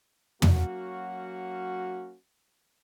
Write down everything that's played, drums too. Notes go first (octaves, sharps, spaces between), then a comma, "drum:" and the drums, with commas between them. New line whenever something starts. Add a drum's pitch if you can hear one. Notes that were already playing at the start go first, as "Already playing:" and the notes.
F#3 A#3 C#4 F#4, drum: tom